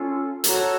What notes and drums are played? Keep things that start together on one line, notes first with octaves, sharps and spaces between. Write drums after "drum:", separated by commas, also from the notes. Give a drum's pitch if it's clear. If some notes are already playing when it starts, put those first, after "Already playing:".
Already playing: C#4 F4 A4
F#4 A4 C#5 A#5, drum: hi-hat